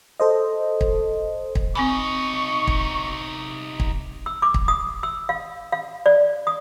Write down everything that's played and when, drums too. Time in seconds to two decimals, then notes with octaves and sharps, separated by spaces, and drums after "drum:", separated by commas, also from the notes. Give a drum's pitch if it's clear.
0.20 A4 C5 D#5
0.81 drum: kick
1.55 drum: kick
1.75 C3 C4 D#4 G#5 B5 C#6
2.68 drum: kick
3.80 drum: kick
4.26 E6
4.42 D6
4.54 drum: kick
4.68 D#6
5.03 E6
5.29 F5
5.72 F5
6.06 D5
6.47 D#6